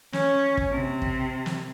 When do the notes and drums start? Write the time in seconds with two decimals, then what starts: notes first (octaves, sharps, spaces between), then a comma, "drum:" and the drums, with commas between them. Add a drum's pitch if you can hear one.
0.13 C#4, drum: snare
0.57 drum: kick
0.71 C3
1.02 drum: kick
1.46 drum: snare